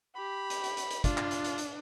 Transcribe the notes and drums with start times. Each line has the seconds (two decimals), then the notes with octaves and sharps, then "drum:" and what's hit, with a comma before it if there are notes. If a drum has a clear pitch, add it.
0.16 G4 B5
0.50 drum: hi-hat
0.64 drum: hi-hat
0.77 drum: hi-hat
0.91 drum: hi-hat
1.04 D4 F4, drum: kick, hi-hat
1.17 drum: clap
1.31 drum: hi-hat
1.44 drum: hi-hat
1.58 drum: hi-hat